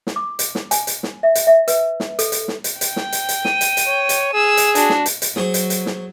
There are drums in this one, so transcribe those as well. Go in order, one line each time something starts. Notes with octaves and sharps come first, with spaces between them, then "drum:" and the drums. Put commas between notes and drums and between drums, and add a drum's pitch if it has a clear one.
drum: snare
D6
drum: hi-hat
drum: snare
G#5, drum: hi-hat
drum: hi-hat
drum: snare
E5
drum: hi-hat
E5
B4, drum: hi-hat
drum: snare
A4, drum: hi-hat
drum: hi-hat
drum: snare
drum: hi-hat
G5, drum: hi-hat
drum: snare
drum: hi-hat
drum: hi-hat
D#7, drum: snare
drum: hi-hat
drum: hi-hat
C#5
drum: hi-hat
G#4 E6
drum: hi-hat
D4 F#4, drum: hi-hat
drum: snare
drum: hi-hat
drum: hi-hat
F#3 G#4 C5 C#6, drum: snare
drum: hi-hat
drum: hi-hat
drum: snare